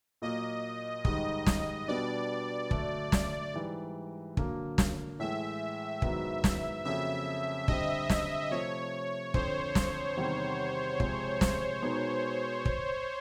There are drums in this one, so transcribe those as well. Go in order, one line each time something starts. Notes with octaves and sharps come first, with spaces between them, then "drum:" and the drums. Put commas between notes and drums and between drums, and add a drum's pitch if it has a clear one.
A#2 F#3 A#3 D#5
G#2 D#3 G3 D#5, drum: kick
drum: snare
B2 G3 B3 D4 D5
D3 F#3 A3 D4, drum: kick
drum: snare
G#2 E3 G3
D3 F#3 A#3, drum: kick
drum: snare
A2 E3 G#3 E5
G#2 D#3 F#3 B3 E4, drum: kick
drum: snare
F2 C#3 F#3 A#3 E5
D3 G3 C4 D#5, drum: kick
drum: snare
C3 F3 A3 C#5
F2 D3 F3 C5, drum: kick
drum: snare
E2 C3 D#3 G3
C3 F3 G#3, drum: kick
drum: snare
B2 G#3 B3 D#4
drum: kick